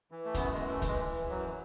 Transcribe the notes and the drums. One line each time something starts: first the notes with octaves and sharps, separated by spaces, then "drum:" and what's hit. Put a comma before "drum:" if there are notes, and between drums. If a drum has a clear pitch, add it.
E3
A3
F#2 B3, drum: kick C#2, hi-hat
G#3
E3
A3
E3, drum: kick C#2, hi-hat
G#3
E3
F#2 F#3